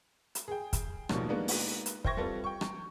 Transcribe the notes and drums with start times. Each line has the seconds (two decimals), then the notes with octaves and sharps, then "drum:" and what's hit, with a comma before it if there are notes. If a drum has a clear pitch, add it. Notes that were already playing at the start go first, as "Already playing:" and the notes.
0.35 drum: hi-hat
0.48 G#4 G5
0.73 drum: kick, hi-hat
1.09 A1 D#2 B2 D#3 F3 G3, drum: rim click
1.29 G#3 A#3 B3 D4 D#4
1.48 drum: open hi-hat
1.86 drum: hi-hat
2.04 C5 E5 G5 C#6 G#6 A#6, drum: kick
2.17 G3 C4 F4 G4 A4 B4
2.44 G5 C#6
2.61 drum: rim click